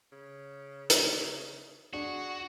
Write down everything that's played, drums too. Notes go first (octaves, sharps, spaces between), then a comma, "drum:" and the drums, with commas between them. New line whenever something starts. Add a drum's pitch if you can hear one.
C#3
drum: hi-hat
D4 F#4 G#4